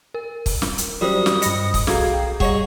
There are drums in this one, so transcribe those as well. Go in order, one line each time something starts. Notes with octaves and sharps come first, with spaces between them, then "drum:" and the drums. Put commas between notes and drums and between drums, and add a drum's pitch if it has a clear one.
A#4
drum: kick, open hi-hat
drum: snare
drum: hi-hat
F#2 G3 F4 C5 D#6
drum: snare
G2 D#5 B5 A#6 C#7, drum: hi-hat
drum: kick, open hi-hat
B1 F#4 G#4 A4 F5 A#5 G#6, drum: snare
G5
G3 G#4 C#5 D#5 F#5 C#6, drum: kick